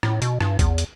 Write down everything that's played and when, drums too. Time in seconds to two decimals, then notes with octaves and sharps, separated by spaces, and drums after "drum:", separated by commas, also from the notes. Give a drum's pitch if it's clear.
0.03 A2, drum: rim click
0.22 B2, drum: hi-hat
0.41 G2, drum: rim click
0.59 E2, drum: kick A1, hi-hat
0.78 drum: hi-hat